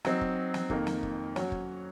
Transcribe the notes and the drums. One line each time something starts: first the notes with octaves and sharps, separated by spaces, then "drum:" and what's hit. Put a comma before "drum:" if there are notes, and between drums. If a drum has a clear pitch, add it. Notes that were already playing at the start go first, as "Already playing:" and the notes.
F#3 C4 D#4, drum: snare
drum: kick
drum: snare
F2 D#3 A#3, drum: kick
drum: snare
drum: kick
F#3 C#4 F#4 C#5, drum: snare
drum: kick